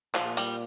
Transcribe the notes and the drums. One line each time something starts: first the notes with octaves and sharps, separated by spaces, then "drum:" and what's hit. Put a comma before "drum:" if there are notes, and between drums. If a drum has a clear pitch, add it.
A#2 F3, drum: clap
G3, drum: hi-hat